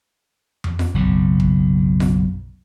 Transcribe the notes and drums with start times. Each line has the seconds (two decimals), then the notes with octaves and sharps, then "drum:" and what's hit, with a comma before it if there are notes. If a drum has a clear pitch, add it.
0.64 drum: tom F2
0.79 drum: snare F4
0.94 F#1 B1 F#2 C#3
1.40 drum: kick
2.00 drum: snare F4